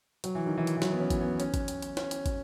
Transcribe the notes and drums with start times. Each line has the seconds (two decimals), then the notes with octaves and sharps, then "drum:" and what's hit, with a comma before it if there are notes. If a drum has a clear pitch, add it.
0.24 F#3, drum: hi-hat
0.35 E3
0.47 D#3
0.57 E3
0.67 drum: hi-hat
0.77 E3
0.82 F#3, drum: snare
0.92 B3
1.00 C#4
1.10 drum: kick, hi-hat
1.21 B3
1.40 C#4, drum: hi-hat
1.54 drum: kick, hi-hat
1.68 drum: hi-hat
1.82 drum: hi-hat
1.97 C#4, drum: snare
2.11 drum: hi-hat
2.26 drum: kick, hi-hat